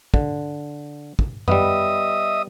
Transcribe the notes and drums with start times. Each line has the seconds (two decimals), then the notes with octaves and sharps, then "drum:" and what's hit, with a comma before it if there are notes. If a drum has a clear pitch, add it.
0.14 D3, drum: kick
1.19 drum: kick
1.48 G3 B3 D#5 E5 D#6, drum: tom F#2